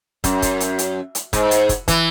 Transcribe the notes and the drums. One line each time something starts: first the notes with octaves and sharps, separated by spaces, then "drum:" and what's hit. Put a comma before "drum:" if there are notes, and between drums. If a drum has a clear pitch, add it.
F#2, drum: kick, hi-hat
drum: kick, hi-hat
drum: hi-hat
drum: hi-hat
drum: hi-hat
G#2, drum: kick, hi-hat
drum: hi-hat
drum: kick, hi-hat
E3, drum: kick, hi-hat